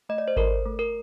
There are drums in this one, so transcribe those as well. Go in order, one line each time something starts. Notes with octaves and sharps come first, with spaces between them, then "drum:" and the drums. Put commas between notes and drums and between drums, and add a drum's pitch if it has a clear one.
A3 D#5
D5
C5
A4 A#4, drum: kick G#1
A3
A#4